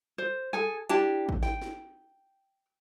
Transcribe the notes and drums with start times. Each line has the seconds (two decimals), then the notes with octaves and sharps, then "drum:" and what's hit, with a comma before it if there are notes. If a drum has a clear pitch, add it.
0.18 C5
0.53 G#4 A4 G#5
0.89 D4 E4 G4 A5, drum: hi-hat
1.29 drum: kick
1.43 G5, drum: snare
1.62 drum: snare